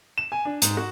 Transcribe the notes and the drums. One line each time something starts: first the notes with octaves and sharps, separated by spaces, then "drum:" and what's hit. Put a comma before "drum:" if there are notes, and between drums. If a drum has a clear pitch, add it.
E7
G#5
D4
G#2, drum: hi-hat
F#4